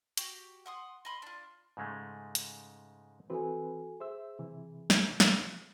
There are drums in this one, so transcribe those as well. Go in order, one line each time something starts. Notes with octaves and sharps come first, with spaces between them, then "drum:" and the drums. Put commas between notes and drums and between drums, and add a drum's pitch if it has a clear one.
F#4 G4, drum: hi-hat
F#5 C6 D#6
D#5 B5 C6
D4 F4
G#2 C#3 G#3 A3
drum: hi-hat
E3 C4 F#4 A4 B4 G#5
G#4 C5 E5 E6
C3 E3
drum: snare
drum: snare